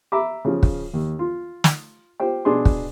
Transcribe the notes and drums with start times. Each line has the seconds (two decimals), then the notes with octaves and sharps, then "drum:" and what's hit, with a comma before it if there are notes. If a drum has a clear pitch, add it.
0.12 E5 A#5 B5 D6
0.45 C#3 F3
0.63 drum: kick
0.94 D#2
1.19 F4
1.64 drum: snare
2.20 F4 G4 C5 G5
2.45 B2 D4 G#4 C6
2.65 drum: kick